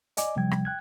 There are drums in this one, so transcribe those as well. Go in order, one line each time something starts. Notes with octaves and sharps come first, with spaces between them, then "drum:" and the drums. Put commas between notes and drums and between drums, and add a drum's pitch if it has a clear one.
D5 D#5 G#5 D6, drum: hi-hat
C3 F3 G3 G5 G#6
drum: rim click
G5 F#6 G#6